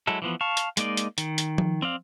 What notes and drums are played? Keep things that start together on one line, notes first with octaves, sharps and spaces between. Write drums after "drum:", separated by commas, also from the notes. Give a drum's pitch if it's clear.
F#3 G#3 E4 A4
E3 F3 B3
F5 A5 C#6
drum: hi-hat
G#3 A#3 D#4 D5, drum: hi-hat
drum: hi-hat
D#3, drum: hi-hat
drum: hi-hat
drum: tom F3
C4 D5 F5